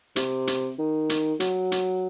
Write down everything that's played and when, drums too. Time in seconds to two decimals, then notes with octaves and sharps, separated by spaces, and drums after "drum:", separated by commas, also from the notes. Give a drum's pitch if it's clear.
0.16 C3, drum: hi-hat
0.47 drum: hi-hat
0.79 D#3
1.09 drum: hi-hat
1.40 F#3, drum: hi-hat
1.72 drum: hi-hat